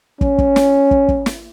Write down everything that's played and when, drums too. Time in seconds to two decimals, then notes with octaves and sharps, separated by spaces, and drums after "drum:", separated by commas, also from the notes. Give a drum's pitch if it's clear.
0.21 C#4, drum: kick
0.38 drum: kick
0.56 drum: snare
0.91 drum: kick
1.08 drum: kick
1.26 drum: snare